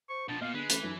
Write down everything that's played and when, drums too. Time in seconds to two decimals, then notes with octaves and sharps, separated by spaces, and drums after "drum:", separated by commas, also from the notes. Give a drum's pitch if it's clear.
0.09 C5 C#6
0.29 B2 F3 D4 A5 G6 A#6 D7
0.41 A#2 B3 D#5 F5
0.54 D3 G#3 B4
0.69 E3 A3 C#4, drum: hi-hat
0.83 F#2 D#4 A4